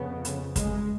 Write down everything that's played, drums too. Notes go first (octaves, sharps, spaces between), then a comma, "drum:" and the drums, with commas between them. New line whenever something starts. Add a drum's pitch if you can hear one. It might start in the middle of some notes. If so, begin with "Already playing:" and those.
Already playing: F2 C#3 B3
drum: hi-hat
G#3, drum: kick, hi-hat